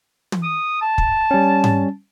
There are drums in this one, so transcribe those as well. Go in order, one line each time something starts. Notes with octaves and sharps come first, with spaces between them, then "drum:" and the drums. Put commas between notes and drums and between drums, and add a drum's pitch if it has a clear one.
drum: tom
D#6
A5
drum: kick
G3 C#4
drum: tom G#2